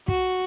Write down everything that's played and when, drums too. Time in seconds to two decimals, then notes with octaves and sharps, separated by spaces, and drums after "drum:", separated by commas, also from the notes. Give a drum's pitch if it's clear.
0.08 F#4, drum: kick